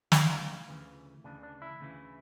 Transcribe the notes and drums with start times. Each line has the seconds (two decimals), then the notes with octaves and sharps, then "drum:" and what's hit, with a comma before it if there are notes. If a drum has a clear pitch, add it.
0.12 D2 C#3 E3 F4, drum: snare
0.68 D2 C#3 E3
1.24 D2 C#3 E3 D4
1.43 D4
1.62 E4
1.81 D2 C#3 E3